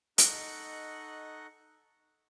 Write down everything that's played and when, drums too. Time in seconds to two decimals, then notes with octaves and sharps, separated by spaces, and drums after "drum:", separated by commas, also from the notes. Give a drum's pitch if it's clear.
0.18 D#4 A4 D#5 F#5 C#6 F#6, drum: hi-hat